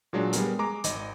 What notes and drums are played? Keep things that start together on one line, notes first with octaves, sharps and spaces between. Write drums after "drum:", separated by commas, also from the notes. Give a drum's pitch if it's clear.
A#2 F#3 G#3 D4
G3 G#3 B3 A#4, drum: hi-hat
G#3 A#5 D6
G#1 D#5, drum: hi-hat